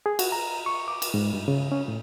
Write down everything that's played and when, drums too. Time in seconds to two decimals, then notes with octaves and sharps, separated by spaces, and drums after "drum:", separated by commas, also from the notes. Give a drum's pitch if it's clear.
0.06 G#4
0.19 F#4, drum: cymbal
0.32 A#5
0.66 C#6
0.88 D6
1.02 drum: cymbal
1.14 G#2
1.33 G2
1.48 C#3
1.72 C#4
1.88 A2